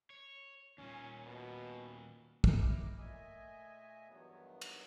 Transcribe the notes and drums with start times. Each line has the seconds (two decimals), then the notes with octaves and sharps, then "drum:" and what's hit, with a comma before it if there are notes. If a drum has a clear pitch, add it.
0.10 C#5
0.78 D#2 A#2 C#4
1.25 B2
2.44 A2 D#4 E4 A#5 D6 F6, drum: kick
2.98 A#2 A3 D#5 E5 G#5
4.09 E2 G2 D#3 F#3 B3
4.61 drum: cymbal